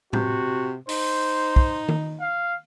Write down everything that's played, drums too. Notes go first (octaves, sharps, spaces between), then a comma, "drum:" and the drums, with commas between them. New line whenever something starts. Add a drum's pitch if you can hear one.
C3 F#4, drum: tom A2
D#4 C5, drum: open hi-hat
drum: kick
drum: tom D#3
F5